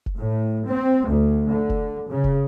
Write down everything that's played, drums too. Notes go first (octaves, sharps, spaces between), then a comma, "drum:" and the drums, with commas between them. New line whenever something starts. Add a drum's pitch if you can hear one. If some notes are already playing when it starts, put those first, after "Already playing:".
drum: kick F1
A2
C4
D2
D3
drum: kick F1
C#3
drum: kick F1